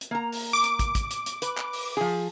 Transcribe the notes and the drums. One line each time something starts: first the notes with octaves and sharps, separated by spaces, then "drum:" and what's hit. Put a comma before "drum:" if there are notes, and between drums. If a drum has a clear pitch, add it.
drum: hi-hat
A#3 A#5
drum: open hi-hat
D6
drum: hi-hat
drum: kick, hi-hat
drum: kick, hi-hat
drum: hi-hat
drum: hi-hat
B4, drum: hi-hat
drum: clap
drum: open hi-hat
F3 G#4